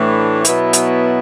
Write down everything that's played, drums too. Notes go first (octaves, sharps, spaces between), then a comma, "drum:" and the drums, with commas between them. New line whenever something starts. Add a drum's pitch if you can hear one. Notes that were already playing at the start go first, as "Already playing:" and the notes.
Already playing: A2 E3 A3 D4
B2 F#3 B3 E4, drum: hi-hat
drum: hi-hat